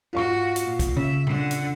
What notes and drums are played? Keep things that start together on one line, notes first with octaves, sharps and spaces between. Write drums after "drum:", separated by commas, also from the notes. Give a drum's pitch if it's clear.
G#2 F4 F#4 F5 C#6
drum: hi-hat
A#2
drum: kick, hi-hat
C#3 E5
D3 F#5, drum: tom A#2
drum: hi-hat